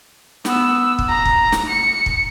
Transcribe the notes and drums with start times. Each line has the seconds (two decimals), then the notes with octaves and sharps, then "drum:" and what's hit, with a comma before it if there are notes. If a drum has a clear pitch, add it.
0.45 B3 E6, drum: snare
0.99 drum: kick
1.08 A#5
1.25 drum: kick
1.52 drum: snare
1.69 C#7
2.06 drum: kick